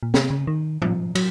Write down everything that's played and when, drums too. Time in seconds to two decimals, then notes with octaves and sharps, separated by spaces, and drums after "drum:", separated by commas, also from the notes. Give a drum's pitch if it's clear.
0.03 A#2
0.14 C3, drum: snare
0.30 C#3
0.47 D#3
0.82 F3, drum: tom
1.15 F#3, drum: cymbal